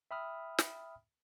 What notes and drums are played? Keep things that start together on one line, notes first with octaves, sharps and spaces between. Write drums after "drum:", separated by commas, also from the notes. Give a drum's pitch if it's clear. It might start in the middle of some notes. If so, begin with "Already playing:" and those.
E5 G5 B5 D#6 F6
drum: snare